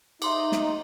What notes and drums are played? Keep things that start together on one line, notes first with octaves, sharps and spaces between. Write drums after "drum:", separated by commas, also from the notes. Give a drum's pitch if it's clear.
D#4 E5 C6 D6, drum: cymbal
drum: snare